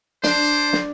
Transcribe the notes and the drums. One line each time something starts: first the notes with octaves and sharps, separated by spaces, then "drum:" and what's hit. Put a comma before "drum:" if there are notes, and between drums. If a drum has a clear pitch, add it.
D4 C5, drum: snare
drum: snare